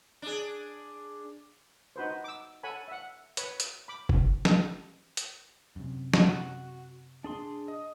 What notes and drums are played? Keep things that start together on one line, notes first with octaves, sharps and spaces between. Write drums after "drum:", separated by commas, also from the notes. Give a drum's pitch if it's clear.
D4 G#4
D#4 F#4 B4 C5
D6 E6
A4 C#5 F#5 G#5 B5
E5 F#5
B4 C#5, drum: hi-hat
drum: hi-hat
B5 D6
drum: kick
drum: snare
drum: hi-hat
F#2 C3
F#4, drum: snare
D4 G#4 C6
D#5